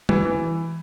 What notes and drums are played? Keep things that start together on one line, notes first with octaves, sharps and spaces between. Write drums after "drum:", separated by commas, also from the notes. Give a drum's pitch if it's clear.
E3, drum: tom
E3